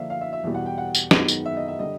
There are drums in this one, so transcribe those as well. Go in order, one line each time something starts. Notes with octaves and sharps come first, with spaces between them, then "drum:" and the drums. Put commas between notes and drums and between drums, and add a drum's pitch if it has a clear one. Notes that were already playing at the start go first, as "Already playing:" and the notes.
Already playing: D3 F3 A#3 D4 E5 F5
F5
E5
E5
E2 B2 G3
F#5
G5
F#5
drum: tambourine
F#2 D#3 G#3 B3 D#4, drum: snare
drum: tambourine
E5
D#5
E5
D3 G3 D#5